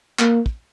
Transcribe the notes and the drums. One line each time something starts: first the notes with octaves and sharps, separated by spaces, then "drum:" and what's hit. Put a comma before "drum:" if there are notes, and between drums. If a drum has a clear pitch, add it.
A#3, drum: clap
drum: kick